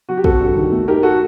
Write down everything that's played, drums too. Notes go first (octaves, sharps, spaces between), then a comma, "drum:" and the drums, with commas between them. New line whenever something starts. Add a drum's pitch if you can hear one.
F#3 F#4
G4
C4 F#4 A4, drum: kick
G2
D#3
A3
D#4 G4 A#4
F#4 A4